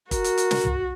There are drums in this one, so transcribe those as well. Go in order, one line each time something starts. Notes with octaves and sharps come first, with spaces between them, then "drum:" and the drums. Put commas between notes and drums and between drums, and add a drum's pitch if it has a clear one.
F#4 A#4, drum: kick, hi-hat
drum: hi-hat
drum: hi-hat
drum: snare
drum: tom